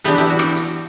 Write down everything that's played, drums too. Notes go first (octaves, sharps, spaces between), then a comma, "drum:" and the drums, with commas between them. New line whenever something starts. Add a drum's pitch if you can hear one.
E3 B3 D4 G4 B4
E4 G4
F#4
drum: rim click
drum: hi-hat